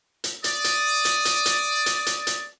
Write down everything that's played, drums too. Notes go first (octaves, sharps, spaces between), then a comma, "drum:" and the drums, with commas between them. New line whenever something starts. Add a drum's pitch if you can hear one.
drum: hi-hat
D5 D#6, drum: hi-hat
drum: hi-hat
drum: hi-hat
drum: hi-hat
drum: hi-hat
drum: hi-hat
drum: hi-hat
drum: hi-hat